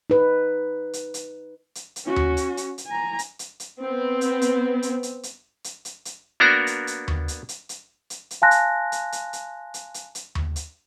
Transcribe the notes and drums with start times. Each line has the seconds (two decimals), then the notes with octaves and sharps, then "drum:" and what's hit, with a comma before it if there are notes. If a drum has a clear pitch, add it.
0.10 D#4 B4
0.93 drum: hi-hat
1.14 drum: hi-hat
1.75 drum: hi-hat
1.96 drum: hi-hat
2.05 C#4 F#4
2.16 drum: tom D#2
2.37 drum: hi-hat
2.57 drum: hi-hat
2.78 drum: hi-hat
2.87 G#5 A#5
3.19 drum: hi-hat
3.39 drum: hi-hat
3.60 drum: hi-hat
3.80 B3 C4
4.21 drum: hi-hat
4.42 drum: hi-hat
4.82 drum: hi-hat
5.03 drum: hi-hat
5.23 drum: hi-hat
5.64 drum: hi-hat
5.85 drum: hi-hat
6.05 drum: hi-hat
6.40 A#3 B3 D4 F#4 A#4 A#5
6.67 drum: hi-hat
6.87 drum: hi-hat
7.08 drum: tom D#2
7.28 drum: hi-hat
7.49 drum: hi-hat
7.69 drum: hi-hat
8.10 drum: hi-hat
8.31 drum: hi-hat
8.42 F5 G#5 A5 C6 F#6 A#6
8.51 drum: hi-hat
8.92 drum: hi-hat
9.12 drum: hi-hat
9.33 drum: hi-hat
9.74 drum: hi-hat
9.94 drum: hi-hat
10.15 drum: hi-hat
10.35 drum: tom D#2
10.56 drum: hi-hat